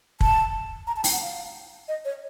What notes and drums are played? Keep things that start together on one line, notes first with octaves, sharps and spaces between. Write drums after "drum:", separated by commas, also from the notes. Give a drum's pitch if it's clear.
A5, drum: kick
A#5
A5
G5, drum: open hi-hat
F#5
F5
D#5
C#5